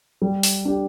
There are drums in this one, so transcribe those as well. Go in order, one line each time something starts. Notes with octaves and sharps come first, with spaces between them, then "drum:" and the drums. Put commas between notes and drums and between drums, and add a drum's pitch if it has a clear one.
G3
drum: open hi-hat
D4 G4